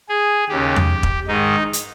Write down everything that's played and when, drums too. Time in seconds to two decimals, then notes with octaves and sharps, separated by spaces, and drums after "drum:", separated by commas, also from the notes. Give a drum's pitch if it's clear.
0.09 G#4
0.49 D#2 C#3 G4
0.76 drum: tom E2
1.03 drum: kick E1
1.27 G#2 D#3 D#4
1.73 drum: hi-hat